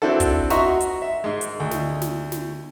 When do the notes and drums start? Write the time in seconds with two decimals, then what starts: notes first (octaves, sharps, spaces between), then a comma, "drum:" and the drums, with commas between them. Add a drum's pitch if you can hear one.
0.02 C4 D4 E4 F#4 A4
0.20 drum: kick, hi-hat
0.50 F#4 D#5 E5 A#5 C6 C#6, drum: snare
0.80 drum: hi-hat
1.02 E5
1.24 G#2 G#3
1.41 drum: hi-hat
1.60 D2
1.71 drum: snare
2.02 drum: snare
2.32 drum: snare